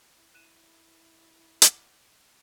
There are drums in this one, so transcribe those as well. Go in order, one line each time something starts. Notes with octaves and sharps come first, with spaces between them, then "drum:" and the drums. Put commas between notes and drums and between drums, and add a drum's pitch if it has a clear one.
E4
E4 F#6 D#7 E7
F#5 D6, drum: hi-hat